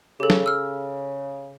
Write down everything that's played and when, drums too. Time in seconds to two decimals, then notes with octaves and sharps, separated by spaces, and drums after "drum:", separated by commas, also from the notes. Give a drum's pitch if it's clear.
0.20 C#3 G4 A4
0.30 drum: snare
0.46 E6 F6